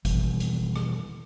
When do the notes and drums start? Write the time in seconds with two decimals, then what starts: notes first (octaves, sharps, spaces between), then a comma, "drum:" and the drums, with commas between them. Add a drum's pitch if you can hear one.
0.05 B2 E3 G3, drum: kick G#1, hi-hat
0.40 drum: hi-hat
0.76 drum: rim click